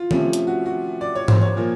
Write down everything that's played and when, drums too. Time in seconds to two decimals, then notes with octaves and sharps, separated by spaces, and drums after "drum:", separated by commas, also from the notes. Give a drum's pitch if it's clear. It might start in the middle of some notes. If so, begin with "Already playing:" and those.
Already playing: F4
0.11 C3 F3 A3 C#4, drum: tom D3
0.33 drum: hi-hat
0.47 F#4
0.66 F#4
1.01 D5
1.15 C#5
1.28 C5, drum: tom G#2
1.41 C#5
1.56 A#2 F3 A#3